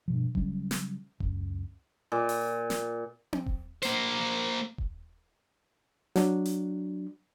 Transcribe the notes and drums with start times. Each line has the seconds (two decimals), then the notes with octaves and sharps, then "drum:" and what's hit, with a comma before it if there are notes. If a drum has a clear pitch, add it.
0.08 G2 B2 F3
0.35 C#3 F#3 G3 C#4, drum: kick D#1
0.71 drum: snare
1.20 C#2 F#2, drum: kick D#1
2.12 A#2
2.29 drum: open hi-hat
2.70 drum: snare
3.33 drum: tom C4
3.46 drum: kick D#1
3.82 A#3 C5, drum: hi-hat
4.78 drum: kick D#1
6.16 F#3 D4, drum: snare
6.45 drum: hi-hat